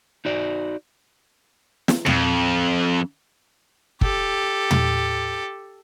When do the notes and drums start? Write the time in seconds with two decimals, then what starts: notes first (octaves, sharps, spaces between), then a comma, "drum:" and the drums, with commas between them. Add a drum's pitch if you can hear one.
0.25 D#4 F#4 D5
1.88 drum: snare
2.06 F2, drum: tom
4.01 G4 A4, drum: kick
4.71 drum: tom